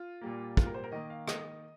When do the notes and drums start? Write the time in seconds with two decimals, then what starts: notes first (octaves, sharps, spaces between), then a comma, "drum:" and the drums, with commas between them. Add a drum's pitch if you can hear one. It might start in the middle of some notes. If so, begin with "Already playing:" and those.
Already playing: F4
0.21 A#2 G3 A#3
0.57 F4, drum: kick
0.66 A#4
0.74 C5
0.84 A#4
0.92 D#3 A#3 D#5
1.10 F5
1.28 D#5, drum: rim click